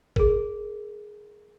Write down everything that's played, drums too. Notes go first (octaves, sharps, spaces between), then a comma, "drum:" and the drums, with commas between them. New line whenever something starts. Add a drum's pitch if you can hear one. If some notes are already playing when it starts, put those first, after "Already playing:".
G#4 A#4, drum: kick